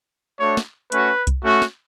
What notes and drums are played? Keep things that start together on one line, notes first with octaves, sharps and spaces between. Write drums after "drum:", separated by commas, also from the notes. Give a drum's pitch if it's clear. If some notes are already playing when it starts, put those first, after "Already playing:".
A3 D4 F#4 C#5
drum: snare
A3 C#4 F#4 B4, drum: hi-hat
drum: kick C2, hi-hat
A3 C#4 F#4
drum: snare